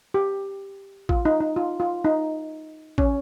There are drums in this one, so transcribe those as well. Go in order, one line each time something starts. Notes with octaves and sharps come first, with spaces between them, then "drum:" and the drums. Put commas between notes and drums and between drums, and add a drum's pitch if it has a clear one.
G4
F4, drum: kick A1
D#4
D#4
F4
F4
D#4
C#4, drum: kick A1